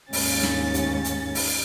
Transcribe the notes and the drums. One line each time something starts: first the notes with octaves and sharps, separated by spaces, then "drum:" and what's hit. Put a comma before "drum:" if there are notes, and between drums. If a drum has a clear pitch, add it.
D#2 G#2 C#4 A6, drum: open hi-hat
drum: snare
drum: hi-hat
drum: hi-hat
drum: open hi-hat